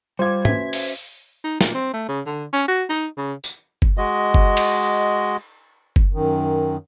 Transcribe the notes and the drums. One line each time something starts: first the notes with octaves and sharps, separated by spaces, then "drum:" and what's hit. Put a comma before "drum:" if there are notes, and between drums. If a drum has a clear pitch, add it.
G3 F4 C5 F5 D6 G#6
C#4 F#4 B4 E5, drum: tom G#2
drum: open hi-hat
D#4
A#2, drum: snare
C4
A3
C#3
D3
C#4
F#4
D#4
C#3
drum: tambourine
drum: kick F#1
G#3 F#4 D#5
drum: kick F#1
drum: cymbal
drum: kick F#1
F#2 D#3